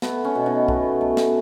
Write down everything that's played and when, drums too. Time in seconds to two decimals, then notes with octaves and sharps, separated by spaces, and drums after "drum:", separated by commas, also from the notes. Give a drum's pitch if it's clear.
0.02 A3 B3, drum: snare
0.24 C#4
0.35 B2
0.46 B3 D#4
0.68 A3, drum: kick
1.01 A3
1.17 drum: snare